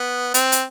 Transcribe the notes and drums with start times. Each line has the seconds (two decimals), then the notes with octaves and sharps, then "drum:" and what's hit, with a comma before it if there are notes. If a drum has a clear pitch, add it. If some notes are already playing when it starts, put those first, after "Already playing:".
Already playing: B3
0.34 C4, drum: hi-hat
0.52 drum: hi-hat